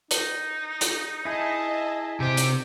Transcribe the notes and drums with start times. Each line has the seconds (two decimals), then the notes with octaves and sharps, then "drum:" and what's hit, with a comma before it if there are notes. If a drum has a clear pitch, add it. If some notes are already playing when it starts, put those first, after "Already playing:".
0.11 D#4, drum: hi-hat
0.81 drum: hi-hat
1.25 E4 G#4 D#5 E5 A5
2.20 C3 G4 C5
2.37 drum: hi-hat